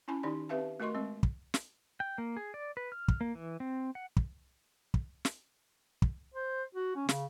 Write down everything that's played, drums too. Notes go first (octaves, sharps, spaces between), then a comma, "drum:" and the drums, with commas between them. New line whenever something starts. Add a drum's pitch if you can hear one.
C#4 E4 G#5 A5 B5
D#3 D#4 G4 D5 C6
C4 G4 B4 E5 F5 A5
A3 F#4 A#4 D#5 C6 C#6
G#3 C4 D#5
drum: kick
drum: snare
G5
A#3
G#4
D5
B4
F6
drum: kick
A#3
E3
C4
F#5
drum: kick
drum: kick
drum: snare
drum: kick
C5
F#4
C#4
C#3, drum: snare